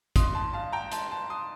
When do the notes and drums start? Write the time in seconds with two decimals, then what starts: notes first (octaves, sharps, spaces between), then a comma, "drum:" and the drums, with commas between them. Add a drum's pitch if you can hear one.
0.16 G2 D#3 C6 D#6, drum: kick A1, hi-hat
0.35 A5 C6
0.53 F5 A5
0.73 G5 A#5
0.92 A5 C6, drum: hi-hat
1.11 A5 C6
1.30 C6 D#6